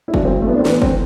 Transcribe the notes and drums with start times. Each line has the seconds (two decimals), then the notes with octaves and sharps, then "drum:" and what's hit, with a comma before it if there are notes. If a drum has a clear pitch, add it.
0.08 E4
0.14 B1 D4, drum: kick
0.25 C4
0.30 B1
0.42 A3
0.47 A2 B3
0.54 D4
0.59 C4
0.65 E3, drum: snare
0.70 B3
0.82 C4, drum: kick